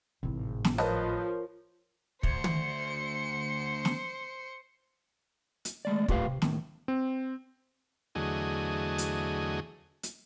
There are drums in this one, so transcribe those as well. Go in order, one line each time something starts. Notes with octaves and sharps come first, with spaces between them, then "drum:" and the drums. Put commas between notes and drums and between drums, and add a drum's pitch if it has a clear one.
G#1 A2 C3 E3
drum: snare
F3 A#4 B4 C#5 D#5 A5, drum: rim click
D2 C5 C#7, drum: kick
drum: tom
drum: snare
drum: hi-hat
G#3 A3 D5
A2 F4 G4 B4 D5 F5, drum: kick
C3
D#2 A2, drum: snare
C4
E2 D3 F#3 A3 G#4 D#5
drum: hi-hat
drum: hi-hat